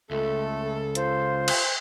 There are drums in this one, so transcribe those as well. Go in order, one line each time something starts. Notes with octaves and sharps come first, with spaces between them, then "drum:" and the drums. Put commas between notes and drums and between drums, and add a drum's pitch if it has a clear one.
C#2 A3 A4
F4 C5, drum: hi-hat
drum: cymbal